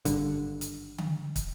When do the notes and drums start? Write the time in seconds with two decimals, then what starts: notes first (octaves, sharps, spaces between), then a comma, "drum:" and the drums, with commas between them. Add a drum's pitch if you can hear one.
0.05 G#1 G2 D3, drum: hi-hat
0.61 drum: hi-hat
0.98 drum: tom D3
1.36 drum: kick, hi-hat